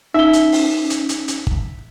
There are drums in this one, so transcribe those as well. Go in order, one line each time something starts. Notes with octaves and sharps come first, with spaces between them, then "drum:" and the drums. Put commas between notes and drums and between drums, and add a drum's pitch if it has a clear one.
C#4 D#4 E5 G7
drum: hi-hat
drum: open hi-hat
drum: hi-hat
drum: hi-hat
drum: hi-hat
drum: kick